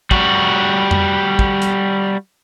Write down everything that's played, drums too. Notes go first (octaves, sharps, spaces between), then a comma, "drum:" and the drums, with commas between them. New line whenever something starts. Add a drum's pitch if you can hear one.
G3 F#4, drum: kick
drum: tom F2
drum: kick
drum: hi-hat